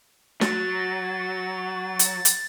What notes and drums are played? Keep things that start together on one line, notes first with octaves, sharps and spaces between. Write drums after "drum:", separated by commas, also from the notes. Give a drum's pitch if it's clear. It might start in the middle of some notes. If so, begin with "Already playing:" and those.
F#3 A6, drum: snare
drum: hi-hat
drum: hi-hat